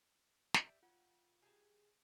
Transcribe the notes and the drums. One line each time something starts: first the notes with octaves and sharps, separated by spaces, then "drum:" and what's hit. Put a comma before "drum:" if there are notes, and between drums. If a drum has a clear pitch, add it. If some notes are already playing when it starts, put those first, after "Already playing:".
drum: snare
G4 D5 E5 G5
F4 C#5 F#5
G4 G#4 A5